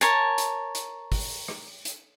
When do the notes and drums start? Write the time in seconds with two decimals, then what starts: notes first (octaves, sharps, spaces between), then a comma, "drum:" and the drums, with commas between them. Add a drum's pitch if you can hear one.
0.01 A#4 C#5 G#5 A5, drum: hi-hat
0.38 drum: hi-hat
0.75 drum: hi-hat
1.12 drum: kick, open hi-hat
1.48 drum: rim click
1.85 drum: hi-hat